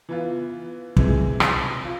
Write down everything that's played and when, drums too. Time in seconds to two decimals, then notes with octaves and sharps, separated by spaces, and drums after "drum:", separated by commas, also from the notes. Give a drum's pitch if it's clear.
0.09 E3 B3 F4
0.97 C3 E3 G#3, drum: kick
1.40 drum: rim click
1.85 F4